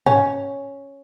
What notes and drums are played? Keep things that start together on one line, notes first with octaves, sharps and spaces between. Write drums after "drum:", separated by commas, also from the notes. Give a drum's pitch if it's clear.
C#4, drum: tom